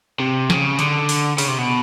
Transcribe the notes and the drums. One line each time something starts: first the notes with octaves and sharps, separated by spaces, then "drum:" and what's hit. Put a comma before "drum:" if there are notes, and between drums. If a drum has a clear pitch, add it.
C3
C#3, drum: snare
D3, drum: hi-hat
drum: open hi-hat
C#3, drum: open hi-hat
C3
B2